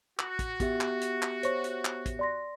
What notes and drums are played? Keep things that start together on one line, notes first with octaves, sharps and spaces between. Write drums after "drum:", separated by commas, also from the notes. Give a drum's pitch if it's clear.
F#4 F#7, drum: clap
drum: kick, hi-hat
B3 G4 E5, drum: kick, hi-hat
drum: clap
drum: hi-hat
drum: clap
C5 C#5 C#6, drum: hi-hat
drum: hi-hat
drum: clap
drum: kick, hi-hat
D5 C6 A#6